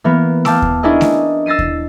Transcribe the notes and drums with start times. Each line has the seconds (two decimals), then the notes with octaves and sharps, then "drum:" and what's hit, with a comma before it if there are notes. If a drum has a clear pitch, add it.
0.04 E3 A#3 B3 A#4
0.45 F5 G5 A5 D6 E6, drum: snare A3
0.62 drum: kick D#2
0.83 C#4 D4 E4 G#4 A#4 D#5
1.01 drum: snare A3
1.46 E6 A6 A#6 C7 D#7
1.59 drum: kick D#2